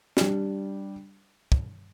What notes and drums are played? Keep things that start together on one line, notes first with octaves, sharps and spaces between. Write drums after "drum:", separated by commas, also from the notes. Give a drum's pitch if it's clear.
G3 D4 G4, drum: snare
drum: kick